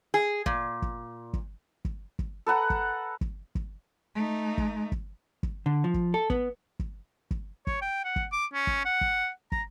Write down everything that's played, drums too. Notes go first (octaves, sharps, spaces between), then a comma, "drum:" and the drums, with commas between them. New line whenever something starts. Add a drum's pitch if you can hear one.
G#4
A#2, drum: kick
drum: kick
drum: kick
drum: kick
drum: kick
A4 B4 F#5 A#5
drum: kick
drum: kick
drum: kick
A3 D#4
drum: kick
drum: kick
drum: kick
D3
F3
drum: kick
A4
B3, drum: kick
drum: kick
drum: kick
C#5, drum: kick
G5
F#5
drum: kick
D6
C#4
drum: kick
F#5
drum: kick
A#5, drum: kick